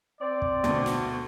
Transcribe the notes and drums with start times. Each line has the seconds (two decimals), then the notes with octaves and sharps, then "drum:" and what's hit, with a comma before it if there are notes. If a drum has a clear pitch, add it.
0.20 C4 D5
0.42 drum: kick
0.64 D2 B2, drum: tom A#2
0.86 drum: snare